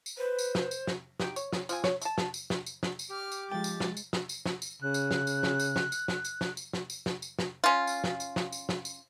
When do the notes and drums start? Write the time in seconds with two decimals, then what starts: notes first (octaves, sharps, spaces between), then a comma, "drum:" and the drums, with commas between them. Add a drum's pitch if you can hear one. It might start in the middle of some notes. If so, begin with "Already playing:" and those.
0.06 drum: tambourine
0.18 B4 C5
0.39 drum: tambourine
0.55 drum: snare
0.71 drum: tambourine
0.87 drum: snare
1.20 D#4 G4 G5, drum: snare
1.36 C#5, drum: tambourine
1.53 drum: snare
1.69 F3 C4 G#5, drum: tambourine
1.84 C#5, drum: snare
2.02 A3 A5, drum: tambourine
2.18 drum: snare
2.34 drum: tambourine
2.50 drum: snare
2.66 drum: tambourine
2.83 drum: snare
2.99 drum: tambourine
3.10 G4 D6 F6
3.32 drum: tambourine
3.51 F3 G#3 G5 A6
3.64 drum: tambourine
3.80 drum: snare
3.97 drum: tambourine
4.13 drum: snare
4.29 drum: tambourine
4.46 drum: snare
4.62 drum: tambourine
4.82 C#3 F#6
4.94 drum: tambourine
5.11 drum: snare
5.27 drum: tambourine
5.43 drum: snare
5.59 drum: tambourine
5.76 drum: snare
5.92 drum: tambourine
6.08 drum: snare
6.25 drum: tambourine
6.41 drum: snare
6.57 drum: tambourine
6.73 drum: snare
6.90 drum: tambourine
7.06 drum: snare
7.22 drum: tambourine
7.39 drum: snare
7.64 C#4 F4
7.87 drum: tambourine
8.04 drum: snare
8.20 drum: tambourine
8.36 drum: snare
8.52 drum: tambourine
8.69 drum: snare
8.85 drum: tambourine